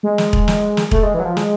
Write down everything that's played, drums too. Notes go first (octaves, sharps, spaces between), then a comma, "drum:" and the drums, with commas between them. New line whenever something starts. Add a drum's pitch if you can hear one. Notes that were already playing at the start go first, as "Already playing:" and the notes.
G#3
drum: snare
drum: kick E1
drum: snare
drum: snare
A3, drum: kick E1
G#3
E3
F#3
F3
G#3, drum: snare